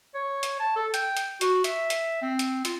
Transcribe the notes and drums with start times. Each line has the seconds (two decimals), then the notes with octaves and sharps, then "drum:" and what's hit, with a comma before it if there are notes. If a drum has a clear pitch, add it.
0.15 C#5
0.43 drum: hi-hat
0.60 A5
0.76 A4
0.94 G5, drum: hi-hat
1.17 drum: hi-hat
1.41 F#4, drum: hi-hat
1.64 E5, drum: hi-hat
1.90 drum: hi-hat
2.22 C4
2.39 drum: hi-hat
2.65 F4, drum: hi-hat